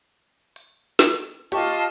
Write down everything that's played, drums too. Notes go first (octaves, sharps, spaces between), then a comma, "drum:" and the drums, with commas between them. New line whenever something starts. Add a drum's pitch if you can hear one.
drum: open hi-hat
drum: snare
F4 G4 D#5 A5 C#6, drum: hi-hat